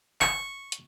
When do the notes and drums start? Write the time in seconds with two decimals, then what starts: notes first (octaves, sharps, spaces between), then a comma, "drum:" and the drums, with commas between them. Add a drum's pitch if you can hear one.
0.21 C#6, drum: clap
0.72 drum: hi-hat